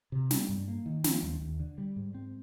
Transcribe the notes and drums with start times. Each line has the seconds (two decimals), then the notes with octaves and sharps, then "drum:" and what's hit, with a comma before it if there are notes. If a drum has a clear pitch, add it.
0.12 C3
0.31 G3, drum: snare
0.49 G2
0.68 A#3
0.86 D#3
1.04 F3, drum: snare
1.23 D#2
1.41 D#2
1.60 D3
1.78 G3
1.96 G#2
2.14 C4